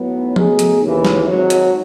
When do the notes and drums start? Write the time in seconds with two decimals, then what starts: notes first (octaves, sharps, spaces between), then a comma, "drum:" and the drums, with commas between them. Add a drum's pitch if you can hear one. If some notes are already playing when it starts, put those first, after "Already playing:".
Already playing: B1 A2 F#3 B3
0.36 C#2 B2 A3 D#4 G#4, drum: tom F3
0.59 drum: hi-hat
0.81 D#2 C#3 E3
1.05 drum: snare
1.27 G#1 G#2 F#3
1.50 drum: hi-hat